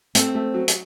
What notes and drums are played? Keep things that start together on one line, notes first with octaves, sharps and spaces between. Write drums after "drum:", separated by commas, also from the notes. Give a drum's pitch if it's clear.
A3 C4, drum: hi-hat
A3
F#3
drum: hi-hat